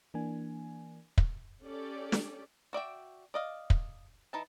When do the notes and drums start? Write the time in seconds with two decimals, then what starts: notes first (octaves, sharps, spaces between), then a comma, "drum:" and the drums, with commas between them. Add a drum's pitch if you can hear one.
0.14 E3 A#3 D4 G#5
1.18 drum: kick
1.65 C#4 G4 A4 D5
2.12 drum: snare
2.73 F#4 D5 E5 G5
3.34 D5 D#5 F5
3.70 drum: kick
4.33 E3 D#4 A5